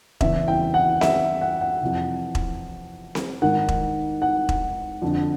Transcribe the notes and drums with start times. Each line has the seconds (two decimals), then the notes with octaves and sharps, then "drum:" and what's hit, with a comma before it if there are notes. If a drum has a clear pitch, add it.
0.21 E2 C#3 E3 E5, drum: kick E1
0.48 G5
0.74 F#5
1.01 E5, drum: snare C4
1.41 F#5
1.61 F#5
1.81 F2 C3 E3
2.35 drum: kick E1
3.15 drum: snare C4
3.42 G#2 D#3 F#5
3.68 drum: kick E1
4.22 F#5
4.49 drum: kick E1
5.02 F2 D3